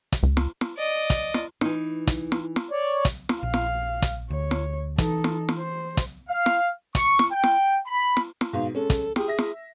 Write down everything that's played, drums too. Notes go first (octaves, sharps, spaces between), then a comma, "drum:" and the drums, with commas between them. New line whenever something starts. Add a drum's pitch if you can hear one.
drum: kick, hi-hat
C#2
drum: snare
drum: snare
D5 D#5
drum: kick, hi-hat
drum: snare
E3 D#4, drum: snare
drum: kick, hi-hat
drum: snare
drum: snare
C#5 D5
drum: kick, hi-hat
drum: snare
A#1 F5
drum: snare
drum: kick, hi-hat
D2 C#5
drum: snare
E3 D#4 A4, drum: kick, hi-hat
drum: snare
drum: snare
C5
drum: kick, hi-hat
F5
drum: snare
C#6, drum: kick, hi-hat
drum: snare
G5
drum: snare
B5
drum: snare
drum: snare
G#2 B2 F5
G#3 C#4 A4
drum: kick, hi-hat
G4 G#4, drum: snare
E5 A#6
drum: snare